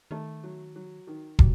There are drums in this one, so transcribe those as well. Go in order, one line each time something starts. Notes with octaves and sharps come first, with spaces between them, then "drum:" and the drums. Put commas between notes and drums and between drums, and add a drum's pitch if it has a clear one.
D#3 A3
F#3
F#3
D#3
F#3 G3, drum: kick